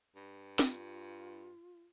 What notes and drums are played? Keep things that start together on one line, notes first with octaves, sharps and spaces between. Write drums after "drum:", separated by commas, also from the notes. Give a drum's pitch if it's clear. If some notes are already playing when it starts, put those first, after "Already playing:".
G2
F4, drum: snare